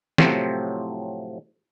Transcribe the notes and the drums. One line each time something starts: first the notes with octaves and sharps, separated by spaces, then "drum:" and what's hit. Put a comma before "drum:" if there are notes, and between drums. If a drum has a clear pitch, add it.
A2 C3 F3 F#3 C4, drum: snare